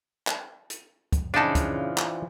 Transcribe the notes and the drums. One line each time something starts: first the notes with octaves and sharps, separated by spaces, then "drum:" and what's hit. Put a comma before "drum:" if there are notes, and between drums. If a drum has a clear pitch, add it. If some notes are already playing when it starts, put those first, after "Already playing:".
drum: clap
drum: hi-hat
drum: kick, hi-hat
C#3 E3 F3 D4 D#4 D5 A5
drum: kick, hi-hat
drum: clap